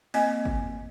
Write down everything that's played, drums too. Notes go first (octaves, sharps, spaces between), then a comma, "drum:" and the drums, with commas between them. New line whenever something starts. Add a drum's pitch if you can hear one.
A#3 C4 D#5 G#5, drum: open hi-hat
drum: kick G#1